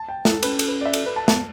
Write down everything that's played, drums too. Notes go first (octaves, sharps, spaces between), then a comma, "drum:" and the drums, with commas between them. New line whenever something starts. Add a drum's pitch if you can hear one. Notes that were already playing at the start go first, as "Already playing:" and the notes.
Already playing: A5
G5
E4 A4, drum: snare
C#4 B4, drum: cymbal
A4, drum: cymbal
B4
D5
E5
A4, drum: cymbal
B4
A5
B3 A5, drum: snare